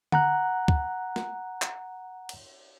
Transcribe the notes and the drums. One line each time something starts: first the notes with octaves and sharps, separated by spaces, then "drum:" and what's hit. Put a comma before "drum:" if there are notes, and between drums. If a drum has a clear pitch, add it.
F#5 A#5 F#6, drum: tom D3
drum: kick
drum: snare
drum: clap
drum: cymbal